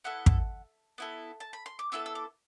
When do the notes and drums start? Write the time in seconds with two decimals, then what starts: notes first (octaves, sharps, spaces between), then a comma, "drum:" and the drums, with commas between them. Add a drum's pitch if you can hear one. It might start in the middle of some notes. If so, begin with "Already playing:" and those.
0.04 B3 E4 A4 F#5
0.26 drum: kick
0.98 B3 E4 A4
1.40 A5
1.53 B5
1.66 C6
1.79 D6
1.92 B3 E4 A4 E6
2.06 E6
2.15 D6